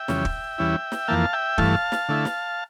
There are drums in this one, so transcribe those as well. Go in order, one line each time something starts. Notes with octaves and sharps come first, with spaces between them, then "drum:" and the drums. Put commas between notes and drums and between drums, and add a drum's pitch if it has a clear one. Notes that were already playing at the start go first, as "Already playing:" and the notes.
Already playing: E5 G5
F2 C#3 E3 G3 C#4, drum: snare
drum: kick
E2 E3 G3 C#4 E4
drum: snare
F2 E3 A#3 F5 A5
E5 G5
G2 E3 A3 F5 A5, drum: kick
drum: snare
D3 A3 E4
drum: snare